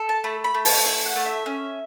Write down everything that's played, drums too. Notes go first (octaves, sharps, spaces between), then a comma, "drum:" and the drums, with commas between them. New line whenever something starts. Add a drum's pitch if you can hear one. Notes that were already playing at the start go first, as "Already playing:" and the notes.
Already playing: A4
A5
A3 B5
B5
A3
A5, drum: open hi-hat
E4 G#5
F#5
A3
E5
C#4